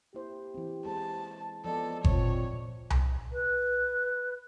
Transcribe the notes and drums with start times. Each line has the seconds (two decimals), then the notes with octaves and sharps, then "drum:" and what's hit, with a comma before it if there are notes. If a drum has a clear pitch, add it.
0.14 A#3 E4 G4 C5
0.54 E3 C4
0.85 G#3 G#4 C5 A5
1.65 F3 B3 A4 D5 D#5
2.04 A#2 C4 C#5, drum: kick G1
2.90 drum: tom C2
3.32 B4